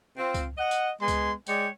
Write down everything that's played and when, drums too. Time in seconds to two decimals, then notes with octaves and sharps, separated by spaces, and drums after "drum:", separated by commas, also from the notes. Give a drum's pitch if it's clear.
0.16 C4 F4
0.34 drum: kick C#2, tambourine
0.58 D#5 F#5
0.71 drum: tambourine
0.99 G#3 B3 G#5 C6
1.08 drum: kick C#2, tambourine
1.47 G#3 C#5 D5 G5, drum: tambourine